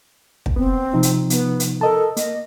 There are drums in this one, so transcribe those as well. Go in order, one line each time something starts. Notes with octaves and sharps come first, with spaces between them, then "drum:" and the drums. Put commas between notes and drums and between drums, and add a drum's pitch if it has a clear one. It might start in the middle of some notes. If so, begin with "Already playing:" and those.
drum: kick
B3 C4
C3 F3 D#4
drum: hi-hat
B3, drum: hi-hat
drum: hi-hat
A4 A#4 D#5 A5
A#3 D#5, drum: hi-hat